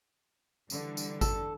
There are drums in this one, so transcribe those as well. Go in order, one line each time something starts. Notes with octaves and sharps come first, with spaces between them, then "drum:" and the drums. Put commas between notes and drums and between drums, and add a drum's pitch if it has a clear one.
D3 E3 G3, drum: tambourine
drum: tambourine
A4, drum: kick G#1, tambourine